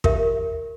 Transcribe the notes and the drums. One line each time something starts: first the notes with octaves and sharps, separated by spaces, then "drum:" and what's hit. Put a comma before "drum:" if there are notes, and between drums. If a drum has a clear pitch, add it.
G4 A#4 E5, drum: kick